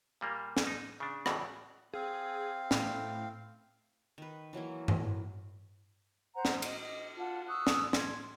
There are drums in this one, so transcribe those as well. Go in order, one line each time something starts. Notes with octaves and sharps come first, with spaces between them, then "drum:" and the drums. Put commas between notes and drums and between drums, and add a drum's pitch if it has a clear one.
A#2 G3 A#3
drum: snare
D#4
C#3 D4
E2 A2 C#3 E3, drum: rim click
C4 G#4 F5
A2, drum: snare
D#3 B4
E3 F#3 A#3 E4
drum: tom G2
C5 F#5 A#5
drum: snare
D#5, drum: cymbal
D#5
F4 F#5 A5
C#6 D#6 E6 F#6
drum: snare
C6 G#6, drum: snare